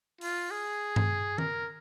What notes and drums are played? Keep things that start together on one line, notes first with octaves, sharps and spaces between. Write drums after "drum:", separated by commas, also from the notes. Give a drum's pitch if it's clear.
F4, drum: open hi-hat
G#4
drum: tom G2
A#4, drum: tom D#3